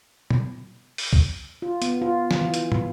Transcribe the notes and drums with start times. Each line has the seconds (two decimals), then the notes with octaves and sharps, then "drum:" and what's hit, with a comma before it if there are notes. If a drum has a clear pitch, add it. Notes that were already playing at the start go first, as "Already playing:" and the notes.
0.31 drum: tom
0.98 drum: open hi-hat
1.13 drum: kick B1
1.62 F4
1.82 B3, drum: hi-hat
2.02 F4
2.31 drum: snare
2.41 E3
2.54 drum: hi-hat
2.72 drum: tom